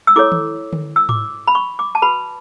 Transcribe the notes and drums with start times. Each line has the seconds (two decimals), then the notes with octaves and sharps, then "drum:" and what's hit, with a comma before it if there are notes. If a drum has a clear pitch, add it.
0.07 E6
0.16 E4 A4 C#5 D6
0.32 drum: tom D#3
0.73 drum: tom D3
0.96 E6
1.09 D6, drum: tom G#2
1.47 B5
1.55 C#6
1.79 D6
1.95 A5
2.02 F#4 B4 B5